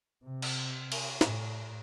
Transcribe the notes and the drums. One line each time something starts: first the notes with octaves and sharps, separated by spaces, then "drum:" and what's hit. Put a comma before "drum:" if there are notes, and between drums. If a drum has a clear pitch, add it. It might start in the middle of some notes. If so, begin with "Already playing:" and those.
C3
drum: cymbal
drum: cymbal
A2, drum: snare